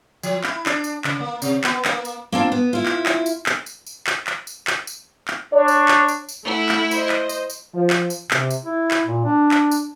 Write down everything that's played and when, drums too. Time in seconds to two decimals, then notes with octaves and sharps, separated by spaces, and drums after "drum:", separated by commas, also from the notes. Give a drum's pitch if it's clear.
0.23 F3, drum: tambourine
0.44 E4, drum: clap
0.66 D4, drum: clap
0.84 drum: tambourine
1.04 C#3, drum: clap
1.20 A#3
1.42 C3, drum: tambourine
1.64 B3, drum: clap
1.85 A#3, drum: clap
2.05 drum: tambourine
2.32 A#3 C4 D4 F4
2.52 B3
2.73 E4 F4
2.86 drum: clap
3.06 drum: clap
3.26 drum: tambourine
3.46 drum: clap
3.66 drum: tambourine
3.87 drum: tambourine
4.07 drum: clap
4.27 drum: clap
4.47 drum: tambourine
4.67 drum: clap
4.87 drum: tambourine
5.28 drum: clap
5.53 D4 C#5
5.68 drum: tambourine
5.88 drum: clap
6.08 drum: tambourine
6.29 drum: tambourine
6.45 A3 E4 F#5
6.69 drum: clap
6.91 C5 D#5, drum: tambourine
7.09 drum: clap
7.29 drum: tambourine
7.50 drum: tambourine
7.74 F3
7.90 drum: clap
8.10 drum: tambourine
8.31 C3, drum: clap
8.50 drum: tambourine
8.65 E4
8.91 drum: clap
9.05 A#2
9.25 D4
9.51 drum: clap
9.72 drum: tambourine